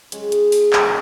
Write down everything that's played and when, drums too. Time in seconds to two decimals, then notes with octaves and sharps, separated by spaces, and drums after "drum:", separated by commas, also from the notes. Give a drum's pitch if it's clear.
0.12 G#3 C#4 G#4, drum: hi-hat
0.32 drum: hi-hat
0.52 drum: open hi-hat
0.73 G3 A#3 C#4, drum: clap